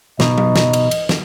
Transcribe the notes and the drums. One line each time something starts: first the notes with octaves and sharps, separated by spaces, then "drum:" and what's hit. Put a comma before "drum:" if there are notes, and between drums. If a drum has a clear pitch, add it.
B2 D#4 D#5, drum: snare
drum: tom F#3
drum: snare
drum: cymbal
drum: cymbal
drum: snare